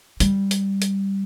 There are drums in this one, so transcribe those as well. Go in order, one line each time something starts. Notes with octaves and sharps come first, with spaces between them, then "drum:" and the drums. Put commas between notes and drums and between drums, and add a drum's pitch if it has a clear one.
G3, drum: hi-hat
drum: hi-hat
drum: hi-hat